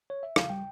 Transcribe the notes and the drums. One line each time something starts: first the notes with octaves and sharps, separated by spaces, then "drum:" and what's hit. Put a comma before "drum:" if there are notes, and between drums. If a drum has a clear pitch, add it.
C#5
E5
F5, drum: rim click
G3 G5